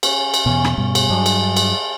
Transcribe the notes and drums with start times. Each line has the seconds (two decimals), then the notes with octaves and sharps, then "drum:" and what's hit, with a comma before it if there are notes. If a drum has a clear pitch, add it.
0.03 C#4 C#5, drum: cymbal
0.34 drum: cymbal
0.46 E2 B2 C#4 G#5 C#6
0.64 drum: rim click
0.78 G2 B2 G3
0.95 drum: cymbal
1.10 G2 F#3 G#3 D4
1.26 drum: cymbal
1.57 drum: cymbal